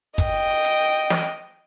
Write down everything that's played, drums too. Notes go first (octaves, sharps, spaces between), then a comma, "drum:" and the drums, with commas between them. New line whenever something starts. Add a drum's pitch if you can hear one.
D#5 G5, drum: kick, hi-hat
drum: hi-hat
drum: snare